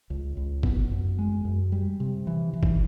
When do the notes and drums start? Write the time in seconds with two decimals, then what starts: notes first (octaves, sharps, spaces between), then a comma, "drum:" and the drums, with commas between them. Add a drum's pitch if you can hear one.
0.10 C#2
0.37 C#2
0.63 B3, drum: kick
0.91 F#2
1.19 G#3
1.45 F#2
1.72 G3
2.00 C3
2.27 E3
2.53 E3
2.63 drum: kick